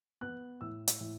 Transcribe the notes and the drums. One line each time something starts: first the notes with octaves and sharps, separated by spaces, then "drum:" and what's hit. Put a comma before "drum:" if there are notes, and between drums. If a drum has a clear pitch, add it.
B3 F#6
A2 E6
drum: hi-hat
A2